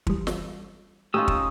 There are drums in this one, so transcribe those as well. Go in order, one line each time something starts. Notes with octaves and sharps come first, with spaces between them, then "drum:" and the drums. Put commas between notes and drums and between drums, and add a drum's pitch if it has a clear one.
E3 G3, drum: kick
drum: snare
A3 C#4 D#4 F4 G4 D#6 E6
drum: kick